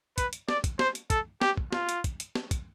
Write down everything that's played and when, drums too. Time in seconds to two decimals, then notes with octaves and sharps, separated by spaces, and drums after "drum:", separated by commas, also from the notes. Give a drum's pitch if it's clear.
0.18 B4, drum: kick, hi-hat
0.33 drum: hi-hat
0.49 D5, drum: snare
0.64 drum: kick, hi-hat
0.79 C5, drum: snare
0.95 drum: hi-hat
1.10 A4, drum: kick, hi-hat
1.42 G4, drum: snare
1.57 drum: kick
1.72 F4, drum: snare
1.89 drum: hi-hat
2.04 drum: kick, hi-hat
2.20 drum: hi-hat
2.35 drum: snare
2.51 drum: kick, hi-hat